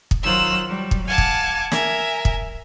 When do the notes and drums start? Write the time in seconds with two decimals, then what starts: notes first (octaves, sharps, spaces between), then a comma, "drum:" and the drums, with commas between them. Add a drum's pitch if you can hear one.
0.11 drum: kick
0.23 D#3 F#3 F4 C5 E6 F#6
0.65 F#3 G3
0.91 drum: kick
1.06 F5 F#5 G#5 A5 D6
1.18 drum: kick
1.71 A#4 E5 G#5, drum: snare
2.25 drum: kick